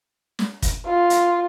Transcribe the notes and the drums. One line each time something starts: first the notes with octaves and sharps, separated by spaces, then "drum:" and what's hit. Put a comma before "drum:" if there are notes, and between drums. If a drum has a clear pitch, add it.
drum: snare
drum: kick, hi-hat
F4
drum: hi-hat